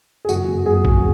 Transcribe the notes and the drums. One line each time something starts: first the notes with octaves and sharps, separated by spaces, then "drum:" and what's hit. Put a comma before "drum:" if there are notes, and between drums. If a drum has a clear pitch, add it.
G#4
F#1 F#4, drum: tambourine
F#1
F#1 G#4
F#1, drum: kick